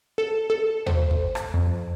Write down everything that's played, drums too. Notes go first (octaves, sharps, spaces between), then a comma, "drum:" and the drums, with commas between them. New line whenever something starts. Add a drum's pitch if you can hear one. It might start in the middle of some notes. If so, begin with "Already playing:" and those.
A4
A4
C5, drum: tom D#2
drum: kick
drum: rim click
F2